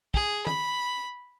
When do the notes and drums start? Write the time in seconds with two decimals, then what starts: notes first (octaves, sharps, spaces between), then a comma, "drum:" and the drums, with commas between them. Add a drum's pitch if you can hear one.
0.14 G#4, drum: kick
0.47 B5, drum: tom